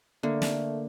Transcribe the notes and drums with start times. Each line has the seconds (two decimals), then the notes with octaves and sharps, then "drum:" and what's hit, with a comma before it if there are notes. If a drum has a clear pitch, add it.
0.23 D3 A3 A#3
0.42 drum: snare